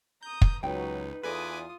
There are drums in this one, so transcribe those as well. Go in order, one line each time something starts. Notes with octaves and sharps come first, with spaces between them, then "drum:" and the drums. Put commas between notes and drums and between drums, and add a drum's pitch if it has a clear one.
A#5 D#6 G6
drum: kick
C#2 F#3 D#4 B4 G5
E2 D#4 F4 A4 B4 G#5 D6 D#6